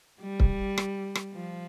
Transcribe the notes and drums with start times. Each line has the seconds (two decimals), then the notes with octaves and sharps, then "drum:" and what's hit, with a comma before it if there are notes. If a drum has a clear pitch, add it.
0.21 G3
0.40 drum: kick C#1
0.78 drum: rim click
1.15 drum: rim click
1.34 F3